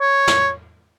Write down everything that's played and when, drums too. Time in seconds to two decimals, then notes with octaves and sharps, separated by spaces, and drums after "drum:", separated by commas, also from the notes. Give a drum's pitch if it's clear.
0.01 C#5
0.28 drum: snare